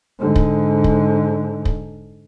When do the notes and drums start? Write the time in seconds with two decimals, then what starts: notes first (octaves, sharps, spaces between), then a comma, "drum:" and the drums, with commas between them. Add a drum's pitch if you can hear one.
0.19 G#2 D3
0.36 drum: kick
0.84 drum: kick
1.65 drum: kick